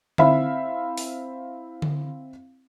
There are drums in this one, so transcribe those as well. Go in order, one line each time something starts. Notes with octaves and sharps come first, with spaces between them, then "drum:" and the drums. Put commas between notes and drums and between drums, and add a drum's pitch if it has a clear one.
C4 E4 E5 F5 B5, drum: tom D3
drum: open hi-hat
drum: tom D3